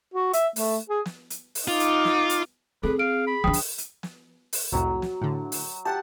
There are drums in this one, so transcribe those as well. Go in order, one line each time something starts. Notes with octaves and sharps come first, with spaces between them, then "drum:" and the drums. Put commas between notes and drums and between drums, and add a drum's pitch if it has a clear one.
F#4
E5, drum: hi-hat
A3, drum: open hi-hat
G#4
drum: snare
drum: hi-hat
drum: open hi-hat
D#4 F4 D6
drum: hi-hat
drum: snare
drum: hi-hat
C4 G#4 A4 B4
F5 D7
B5
F3 D4 G5 D#6
drum: open hi-hat
drum: hi-hat
drum: snare
drum: open hi-hat
C2 F2 A2 F#3
drum: snare
A2 D3
drum: open hi-hat
G4 F#5 A5